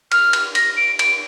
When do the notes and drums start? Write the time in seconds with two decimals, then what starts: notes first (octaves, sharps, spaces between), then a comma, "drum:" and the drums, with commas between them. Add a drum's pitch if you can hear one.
0.12 F6, drum: cymbal
0.33 drum: cymbal
0.55 A#6, drum: cymbal
0.77 D7
0.99 D7, drum: cymbal